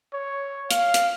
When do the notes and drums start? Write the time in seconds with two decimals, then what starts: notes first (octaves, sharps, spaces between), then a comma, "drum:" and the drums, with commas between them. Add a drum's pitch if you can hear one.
0.13 C#5
0.71 F5, drum: hi-hat
0.94 drum: hi-hat